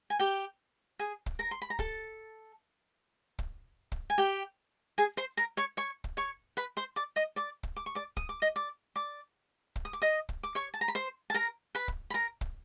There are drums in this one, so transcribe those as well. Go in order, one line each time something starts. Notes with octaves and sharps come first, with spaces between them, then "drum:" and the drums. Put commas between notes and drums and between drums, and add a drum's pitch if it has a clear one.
G#5
G4 G5
G#4 G#5
drum: kick
A#4 A#5
C6
B5
A#5
A4 A5, drum: kick
drum: kick
drum: kick
G#5
G4 G5
G#4 G#5
C5 C6
A#4 A#5
C#5 C#6
C#5 C#6
drum: kick
C#5 C#6
B4 B5
C5 C6
D5 D6
D#5 D#6
D5 D6
drum: kick
D6
C#6
D5 D6
D#6, drum: kick
D6
D#5 D#6
D5 D6
D5 D6
drum: kick
D#6
D6
D#5 D#6
drum: kick
D6
C#5 C#6
A5
A#5
B5
C5 C6
A5
A#4 A#5
B4 B5
drum: kick
B5
A#4 A#5
drum: kick